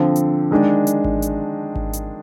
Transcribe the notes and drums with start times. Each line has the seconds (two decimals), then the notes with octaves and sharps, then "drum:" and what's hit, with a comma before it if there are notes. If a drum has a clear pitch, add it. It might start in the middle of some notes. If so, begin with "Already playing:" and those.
Already playing: D3 F3 C4
0.16 drum: hi-hat
0.51 D#3 G#3 D4
0.87 drum: hi-hat
1.04 drum: kick G#1
1.22 drum: hi-hat
1.76 drum: kick G#1
1.93 drum: hi-hat